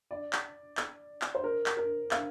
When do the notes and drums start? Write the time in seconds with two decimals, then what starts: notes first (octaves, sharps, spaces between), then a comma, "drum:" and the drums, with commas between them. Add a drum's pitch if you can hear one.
0.11 D5
0.33 drum: clap
0.77 drum: clap
1.22 drum: clap
1.35 C5
1.44 A#4
1.66 drum: clap
1.77 A#4
2.11 F5, drum: clap